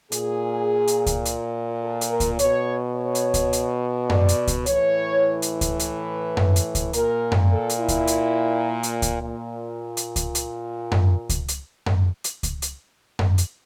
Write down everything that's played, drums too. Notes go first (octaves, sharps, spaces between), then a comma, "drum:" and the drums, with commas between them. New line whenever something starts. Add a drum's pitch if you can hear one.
A#2 G#4, drum: hi-hat
drum: hi-hat
drum: kick C#2, hi-hat
drum: hi-hat
A4
drum: hi-hat
A#4
drum: kick C#2, hi-hat
B2 C#5, drum: hi-hat
C#5
drum: hi-hat
drum: kick C#2, hi-hat
drum: hi-hat
D5, drum: tom F#2
drum: hi-hat
drum: kick C#2, hi-hat
A2 E3 C#5, drum: hi-hat
drum: hi-hat
drum: kick C#2, hi-hat
B4, drum: hi-hat
drum: tom F#2
drum: hi-hat
drum: kick C#2, hi-hat
A#2 A#4, drum: hi-hat
drum: tom F#2
A4
drum: hi-hat
E4
drum: kick C#2, hi-hat
drum: hi-hat
drum: hi-hat
drum: kick C#2, hi-hat
A#2
drum: hi-hat
drum: kick C#2, hi-hat
drum: hi-hat
drum: tom F#2
drum: kick C#2, hi-hat
drum: hi-hat
drum: tom F#2
drum: hi-hat
drum: kick C#2, hi-hat
drum: hi-hat
drum: tom F#2
drum: hi-hat